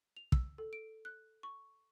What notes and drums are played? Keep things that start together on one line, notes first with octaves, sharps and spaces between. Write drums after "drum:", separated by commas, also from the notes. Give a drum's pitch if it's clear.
F7
E6, drum: kick
A4
D7
F#6
C#6